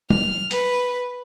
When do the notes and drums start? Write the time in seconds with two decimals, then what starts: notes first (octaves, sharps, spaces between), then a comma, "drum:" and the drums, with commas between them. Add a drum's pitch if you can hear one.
0.10 F6, drum: tom
0.51 B4, drum: hi-hat